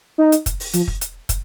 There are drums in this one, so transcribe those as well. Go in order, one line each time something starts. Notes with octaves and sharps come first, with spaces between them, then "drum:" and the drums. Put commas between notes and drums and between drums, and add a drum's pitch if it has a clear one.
D#4
drum: hi-hat
drum: kick, hi-hat
drum: open hi-hat
F3, drum: hi-hat
drum: kick
drum: hi-hat
drum: kick, hi-hat